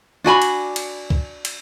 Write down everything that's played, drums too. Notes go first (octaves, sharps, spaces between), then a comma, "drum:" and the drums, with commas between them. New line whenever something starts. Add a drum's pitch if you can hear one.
D4 F#4 G#5 B5
drum: cymbal
drum: cymbal
drum: kick
drum: cymbal